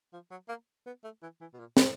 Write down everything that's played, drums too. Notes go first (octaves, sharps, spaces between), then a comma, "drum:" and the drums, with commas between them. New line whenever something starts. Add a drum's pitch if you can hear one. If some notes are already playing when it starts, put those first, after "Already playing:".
F3
F#3
A#3
B3
A3
E3
E3
B2
A#2
A2, drum: snare